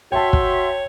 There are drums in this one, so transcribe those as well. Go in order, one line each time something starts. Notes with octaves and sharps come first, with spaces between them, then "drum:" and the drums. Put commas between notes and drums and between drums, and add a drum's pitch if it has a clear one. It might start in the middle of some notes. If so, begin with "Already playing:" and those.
F#4 C#5 E5 G5 A5 C6
drum: kick